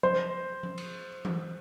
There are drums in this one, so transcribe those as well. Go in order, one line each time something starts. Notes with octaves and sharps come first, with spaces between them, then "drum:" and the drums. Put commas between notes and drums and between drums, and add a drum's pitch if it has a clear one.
C5, drum: tom F3
drum: tom F3
drum: cymbal
drum: tom E3